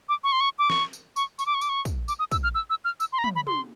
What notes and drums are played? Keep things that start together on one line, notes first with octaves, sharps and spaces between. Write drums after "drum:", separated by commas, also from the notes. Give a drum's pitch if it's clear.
D6
C#6
C6
C#6
D6
C#6, drum: snare
drum: tambourine
C#6, drum: tambourine
C#6, drum: tambourine
D6
C#6
D6, drum: tambourine
C#6
drum: kick, tambourine
D6, drum: tambourine
D#6
E6, drum: kick, tambourine
F6
E6
E6
F6
E6, drum: tambourine
C6
A#5
B5, drum: tom
B5
C6, drum: tom